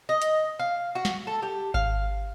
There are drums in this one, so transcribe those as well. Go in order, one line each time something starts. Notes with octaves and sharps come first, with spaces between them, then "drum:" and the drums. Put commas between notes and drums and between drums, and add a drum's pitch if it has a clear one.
D#5
drum: hi-hat
F5
F#4
drum: snare
A4
G4
F5, drum: kick G#1